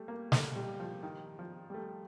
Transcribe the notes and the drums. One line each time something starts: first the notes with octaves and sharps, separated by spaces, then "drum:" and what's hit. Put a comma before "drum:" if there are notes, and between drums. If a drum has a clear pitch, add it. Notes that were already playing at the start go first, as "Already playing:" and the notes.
Already playing: G3 A3
A#3
A3, drum: snare
G3
F3
D#3
F3
G3
A3